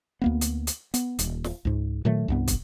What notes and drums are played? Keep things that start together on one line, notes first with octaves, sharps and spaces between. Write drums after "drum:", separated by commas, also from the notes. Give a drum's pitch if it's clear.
D2 A#3 B3
drum: hi-hat
drum: hi-hat
B3, drum: hi-hat
D#1, drum: hi-hat
drum: snare
C#2 G#2
A#2 D#3 F#3 A3
C2 G2 B3
drum: kick, hi-hat